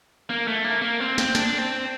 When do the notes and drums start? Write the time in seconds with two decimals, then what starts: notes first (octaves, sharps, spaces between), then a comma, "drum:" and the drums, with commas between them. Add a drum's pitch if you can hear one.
0.30 A#3
0.48 A3
0.64 A#3
0.82 A#3
1.00 C4
1.18 C4, drum: snare
1.35 D4, drum: snare
1.58 C4